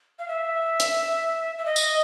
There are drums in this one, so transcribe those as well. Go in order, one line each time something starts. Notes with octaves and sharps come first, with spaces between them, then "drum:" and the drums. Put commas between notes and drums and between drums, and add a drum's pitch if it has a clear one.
F5
E5
drum: hi-hat
E5
D#5
drum: tambourine